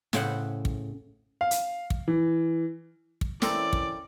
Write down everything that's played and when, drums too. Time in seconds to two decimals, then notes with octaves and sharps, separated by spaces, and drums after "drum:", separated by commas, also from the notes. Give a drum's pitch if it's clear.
0.13 A2 C#3 C5 F#5, drum: snare
0.65 drum: kick
1.41 F5
1.51 drum: hi-hat
1.90 drum: kick
2.08 E3
3.21 drum: kick
3.42 E3 C4 C#4 E4 A4 A#4 D5, drum: snare
3.73 drum: kick